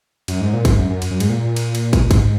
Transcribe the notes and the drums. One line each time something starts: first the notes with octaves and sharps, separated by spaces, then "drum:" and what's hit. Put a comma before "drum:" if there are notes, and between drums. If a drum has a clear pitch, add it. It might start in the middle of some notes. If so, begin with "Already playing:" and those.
F#2, drum: cymbal
G#2
A#2
G#2, drum: kick, cymbal
F#2
F#2
drum: cymbal
F#2
G#2, drum: cymbal
A#2
drum: cymbal
drum: cymbal
drum: kick, cymbal
G#2, drum: kick, cymbal